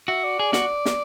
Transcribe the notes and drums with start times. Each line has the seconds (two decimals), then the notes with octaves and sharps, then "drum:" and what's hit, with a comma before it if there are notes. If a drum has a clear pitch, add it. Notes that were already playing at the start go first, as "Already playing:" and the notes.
0.08 F#4 E5
0.24 D5
0.39 G#4
0.53 F#4, drum: snare
0.86 drum: snare